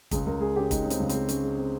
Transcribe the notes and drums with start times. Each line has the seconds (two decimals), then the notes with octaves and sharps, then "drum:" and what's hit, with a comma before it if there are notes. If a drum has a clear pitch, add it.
0.11 C#2 G#4, drum: kick, hi-hat
0.26 C#2 A#4
0.40 G#3 G#4
0.56 C#3 G4
0.71 G#3 D#4, drum: kick, hi-hat
0.84 C#3
0.90 C4, drum: hi-hat
1.00 C#2
1.09 C4, drum: hi-hat
1.14 G#3
1.29 G#3 C#4, drum: hi-hat
1.43 G#3
1.58 C4